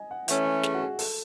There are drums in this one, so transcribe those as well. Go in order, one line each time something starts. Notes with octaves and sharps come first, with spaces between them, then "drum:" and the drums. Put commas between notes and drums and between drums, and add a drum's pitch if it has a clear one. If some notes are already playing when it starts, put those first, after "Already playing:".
Already playing: D#5 G#5
F#5
E3 A3 C#4 E5, drum: hi-hat
E5
G#4, drum: snare
F#4
G#4
A4, drum: open hi-hat